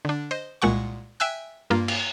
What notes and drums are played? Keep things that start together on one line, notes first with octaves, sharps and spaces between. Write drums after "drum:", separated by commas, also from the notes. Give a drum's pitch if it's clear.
D3 D4
C5 D#5
C2 A#2 G#3 F#5 C#6
E5 G5 G#5 E6 F#6
G2 A#3 F4
drum: cymbal